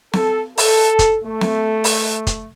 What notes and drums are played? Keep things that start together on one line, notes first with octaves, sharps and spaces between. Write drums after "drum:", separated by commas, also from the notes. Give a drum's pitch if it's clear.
A4, drum: snare
A4, drum: open hi-hat
drum: kick, hi-hat
A3
drum: snare
drum: open hi-hat
drum: kick, hi-hat